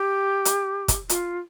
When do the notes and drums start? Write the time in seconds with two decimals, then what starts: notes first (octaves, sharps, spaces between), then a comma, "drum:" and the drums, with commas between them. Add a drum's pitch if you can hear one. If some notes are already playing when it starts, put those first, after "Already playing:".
Already playing: G4
0.45 drum: hi-hat
0.88 drum: kick, hi-hat
1.09 F4, drum: hi-hat